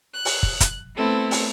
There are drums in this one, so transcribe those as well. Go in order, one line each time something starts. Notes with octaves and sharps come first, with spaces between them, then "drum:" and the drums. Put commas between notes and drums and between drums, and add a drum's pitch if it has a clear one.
F#6
drum: open hi-hat
drum: kick
drum: kick, hi-hat
A3 B3 C4 E4 A4
drum: open hi-hat